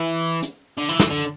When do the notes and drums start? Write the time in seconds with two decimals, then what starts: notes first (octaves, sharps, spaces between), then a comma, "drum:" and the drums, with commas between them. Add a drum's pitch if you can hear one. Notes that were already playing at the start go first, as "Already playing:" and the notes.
Already playing: E3
0.43 drum: hi-hat
0.77 D3
0.89 E3
1.00 drum: snare
1.10 D3